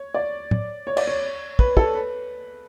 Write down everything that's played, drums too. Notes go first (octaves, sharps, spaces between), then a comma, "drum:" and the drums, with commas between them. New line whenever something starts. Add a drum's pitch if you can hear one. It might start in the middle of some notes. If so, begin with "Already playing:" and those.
Already playing: C#5
D5
drum: tom
C#5
D5, drum: cymbal
C#5
B4, drum: kick
A4, drum: kick
B4